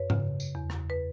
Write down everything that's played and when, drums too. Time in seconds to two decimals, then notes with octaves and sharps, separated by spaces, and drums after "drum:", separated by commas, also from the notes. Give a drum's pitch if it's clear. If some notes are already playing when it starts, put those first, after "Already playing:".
Already playing: F#2 B4 C#5
0.10 C#3, drum: tom G#2
0.40 drum: tambourine
0.55 E2
0.70 drum: rim click
0.90 B4